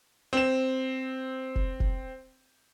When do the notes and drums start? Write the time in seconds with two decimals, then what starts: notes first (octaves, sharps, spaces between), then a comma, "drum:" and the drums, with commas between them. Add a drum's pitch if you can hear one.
0.33 C4 E7
1.56 drum: kick F1
1.80 drum: kick F1